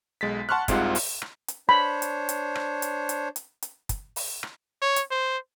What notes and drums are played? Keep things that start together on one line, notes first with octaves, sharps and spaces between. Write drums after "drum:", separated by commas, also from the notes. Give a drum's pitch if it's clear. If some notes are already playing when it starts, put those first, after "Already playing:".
B1 G#3 A6 B6
F#5 A5 C6 C#6 F6 F#6
C2 G#2 C3 G#3 F4 F#5, drum: kick, hi-hat
drum: open hi-hat
drum: rim click
drum: hi-hat
D4 C5 C#5 B5
drum: hi-hat
drum: hi-hat
drum: rim click
drum: hi-hat
drum: hi-hat
drum: hi-hat
drum: hi-hat
drum: kick, hi-hat
drum: open hi-hat
drum: rim click
C#5
drum: hi-hat
C5